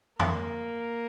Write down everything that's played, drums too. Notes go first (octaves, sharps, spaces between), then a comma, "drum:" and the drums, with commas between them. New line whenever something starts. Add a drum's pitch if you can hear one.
A#3, drum: tom F2